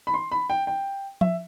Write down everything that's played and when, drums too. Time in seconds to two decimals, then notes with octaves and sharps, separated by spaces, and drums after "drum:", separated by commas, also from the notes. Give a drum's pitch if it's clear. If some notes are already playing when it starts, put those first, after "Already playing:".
0.07 B5
0.14 C6
0.32 B5
0.50 G5
0.67 G5
1.21 E5, drum: tom F3